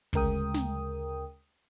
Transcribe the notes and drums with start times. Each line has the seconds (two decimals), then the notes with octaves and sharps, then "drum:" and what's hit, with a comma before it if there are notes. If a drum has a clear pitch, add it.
0.13 D2 C#3 G#3 A#4 G5 D#6, drum: kick
0.54 drum: snare